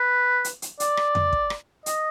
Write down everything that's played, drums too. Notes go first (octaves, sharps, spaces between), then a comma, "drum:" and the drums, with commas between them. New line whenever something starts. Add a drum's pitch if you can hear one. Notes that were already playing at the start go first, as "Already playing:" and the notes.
Already playing: B4
drum: hi-hat
drum: hi-hat
D5, drum: hi-hat
drum: rim click
drum: tom F2
drum: kick
drum: rim click
D#5, drum: hi-hat